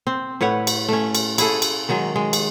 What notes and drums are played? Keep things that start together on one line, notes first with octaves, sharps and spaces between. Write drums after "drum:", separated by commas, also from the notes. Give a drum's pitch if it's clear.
C4
A2 B4 C#5 F#5
drum: cymbal
A3 C#4
drum: cymbal
E4 G#4 A4, drum: cymbal
drum: cymbal
D#3 F#3 G#3
G#3
drum: cymbal